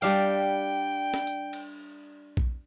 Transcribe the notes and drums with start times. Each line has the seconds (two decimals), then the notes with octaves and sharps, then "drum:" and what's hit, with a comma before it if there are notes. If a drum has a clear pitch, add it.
0.02 G3 D4 F5 G5, drum: hi-hat
1.14 drum: snare
1.27 drum: hi-hat
1.53 drum: cymbal
2.37 drum: kick A#1